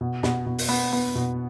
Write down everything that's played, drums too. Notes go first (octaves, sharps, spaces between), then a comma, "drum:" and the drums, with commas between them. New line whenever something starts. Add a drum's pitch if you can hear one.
B2
B2, drum: snare
B2
drum: open hi-hat
B3
B3
B2